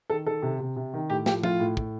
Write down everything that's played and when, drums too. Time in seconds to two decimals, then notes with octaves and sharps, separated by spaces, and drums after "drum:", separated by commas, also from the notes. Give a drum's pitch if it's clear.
0.10 D#3 A4
0.26 D#3 A4
0.42 C3
0.60 C3
0.76 C3
0.93 D#3
1.10 A2 G4
1.26 F3 G4, drum: snare
1.43 A2 F4, drum: tom F3
1.60 A2
1.77 A2, drum: kick